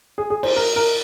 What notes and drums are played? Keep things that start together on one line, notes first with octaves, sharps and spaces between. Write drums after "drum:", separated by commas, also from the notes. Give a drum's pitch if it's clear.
G#4
G#4
C5, drum: cymbal
A#4
A#4